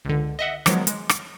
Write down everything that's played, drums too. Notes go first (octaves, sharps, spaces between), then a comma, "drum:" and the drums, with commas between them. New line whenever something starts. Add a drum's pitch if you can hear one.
C#2 D3
D#5 E5 F#5
D#3 F3 F#3 G#3 B3, drum: rim click
G#3, drum: hi-hat
drum: rim click